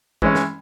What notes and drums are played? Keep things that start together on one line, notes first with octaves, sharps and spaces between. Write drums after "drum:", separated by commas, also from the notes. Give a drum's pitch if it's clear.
E3 G#3 C#4, drum: kick
drum: snare